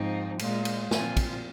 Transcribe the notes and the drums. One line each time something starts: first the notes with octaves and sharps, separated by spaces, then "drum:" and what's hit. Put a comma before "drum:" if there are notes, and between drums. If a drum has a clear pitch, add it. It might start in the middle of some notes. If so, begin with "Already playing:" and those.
Already playing: G#2 F3 C4 D#4
A#2 G#3 F4, drum: cymbal
drum: cymbal
A#2 F3 C4 F4 G#5, drum: snare
drum: kick, cymbal